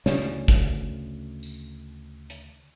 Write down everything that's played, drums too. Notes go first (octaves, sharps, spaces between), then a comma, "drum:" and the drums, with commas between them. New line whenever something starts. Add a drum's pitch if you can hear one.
D2 C#3 C#4 D4, drum: snare
drum: kick
drum: tambourine
drum: hi-hat